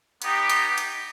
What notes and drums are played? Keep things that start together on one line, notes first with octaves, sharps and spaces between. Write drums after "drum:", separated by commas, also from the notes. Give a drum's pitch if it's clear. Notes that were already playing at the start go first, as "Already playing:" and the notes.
B3 D#4 G4, drum: hi-hat
drum: hi-hat
drum: hi-hat